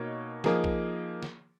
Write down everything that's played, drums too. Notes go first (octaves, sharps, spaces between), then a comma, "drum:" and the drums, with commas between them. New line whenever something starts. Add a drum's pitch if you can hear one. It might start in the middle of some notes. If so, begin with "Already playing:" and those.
Already playing: B2 A#3 D#4 C#5
F3 A#3 D#4 G#4, drum: snare
drum: kick
drum: snare